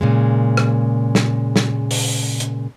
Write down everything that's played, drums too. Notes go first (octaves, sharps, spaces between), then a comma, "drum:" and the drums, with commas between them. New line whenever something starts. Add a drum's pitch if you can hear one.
A#2 C#3 G#3
drum: rim click
drum: snare
drum: snare
drum: open hi-hat
drum: hi-hat